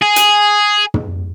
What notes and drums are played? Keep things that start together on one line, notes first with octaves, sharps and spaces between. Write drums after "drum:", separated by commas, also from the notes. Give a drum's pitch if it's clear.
G#4
drum: hi-hat
drum: tom